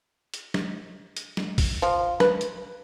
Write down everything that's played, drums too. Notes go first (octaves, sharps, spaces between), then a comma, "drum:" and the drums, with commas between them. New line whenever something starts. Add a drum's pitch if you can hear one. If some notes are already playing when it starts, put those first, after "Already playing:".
drum: hi-hat
drum: snare
drum: hi-hat
drum: snare
drum: kick, open hi-hat
F3
B4, drum: snare
drum: hi-hat